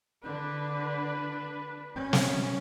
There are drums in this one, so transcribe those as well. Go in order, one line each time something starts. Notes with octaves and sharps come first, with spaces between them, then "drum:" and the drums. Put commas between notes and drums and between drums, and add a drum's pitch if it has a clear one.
D3 D4 B4
C#4
drum: snare